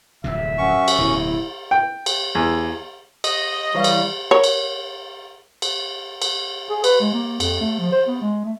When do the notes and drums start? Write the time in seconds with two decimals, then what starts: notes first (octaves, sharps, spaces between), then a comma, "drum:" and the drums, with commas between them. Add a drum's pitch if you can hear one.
0.24 D1 F2 C3 E5
0.58 F#2 C#4 F#5 C#6
0.88 drum: cymbal
0.99 D1 B2 E4
1.71 G5
2.06 drum: cymbal
2.35 E2
3.24 D#5, drum: cymbal
3.75 E3 G3 C#5 F5
3.84 drum: cymbal
4.31 A#4 C#5
4.44 drum: cymbal
5.62 drum: cymbal
6.22 drum: cymbal
6.69 G#4
6.84 B4, drum: cymbal
7.00 G#3
7.14 A#3
7.40 F2, drum: cymbal
7.60 A3
7.79 F3
7.92 C5
8.08 B3
8.21 G#3
8.44 A3